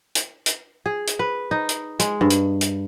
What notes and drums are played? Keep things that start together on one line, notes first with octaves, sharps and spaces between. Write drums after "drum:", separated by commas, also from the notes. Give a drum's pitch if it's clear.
drum: hi-hat
drum: hi-hat
G#4
drum: hi-hat
B4
D#4
drum: hi-hat
G#3, drum: hi-hat
G2
drum: hi-hat
drum: hi-hat